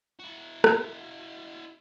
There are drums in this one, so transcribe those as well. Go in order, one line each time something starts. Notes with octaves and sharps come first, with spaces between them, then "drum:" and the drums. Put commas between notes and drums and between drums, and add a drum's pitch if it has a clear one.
E4 F#4
drum: rim click